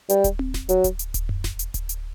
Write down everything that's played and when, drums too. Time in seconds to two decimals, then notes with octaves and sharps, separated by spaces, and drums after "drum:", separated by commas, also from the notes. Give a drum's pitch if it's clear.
0.09 G3, drum: hi-hat
0.24 drum: kick D1, hi-hat
0.39 drum: tom C4
0.54 drum: snare E1
0.69 F#3, drum: hi-hat
0.84 drum: kick D1, hi-hat
0.99 drum: hi-hat
1.14 drum: kick D1, hi-hat
1.29 drum: tom F#2
1.44 drum: snare E1
1.59 drum: hi-hat
1.74 drum: kick D1, hi-hat
1.89 drum: hi-hat